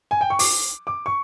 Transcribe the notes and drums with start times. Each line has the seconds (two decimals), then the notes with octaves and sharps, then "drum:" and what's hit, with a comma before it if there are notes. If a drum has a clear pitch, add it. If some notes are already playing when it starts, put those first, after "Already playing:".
0.11 G#5
0.21 G5
0.30 C#6
0.39 D6, drum: open hi-hat
0.87 D6
1.06 C#6